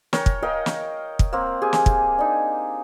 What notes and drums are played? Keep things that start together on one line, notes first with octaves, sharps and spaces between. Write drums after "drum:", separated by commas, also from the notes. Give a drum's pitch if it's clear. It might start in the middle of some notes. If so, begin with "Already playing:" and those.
A#4 C#5 G5, drum: snare
drum: kick
A#4 D#5 F5 G5
drum: snare
drum: kick
A#3 C4
G4 G#4 G#5
drum: snare
drum: kick
D4 D#4